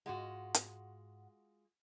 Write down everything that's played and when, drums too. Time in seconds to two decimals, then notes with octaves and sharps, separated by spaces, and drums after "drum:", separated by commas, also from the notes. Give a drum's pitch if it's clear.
0.06 G#2 G#3 F4 F#4 F#5
0.54 drum: hi-hat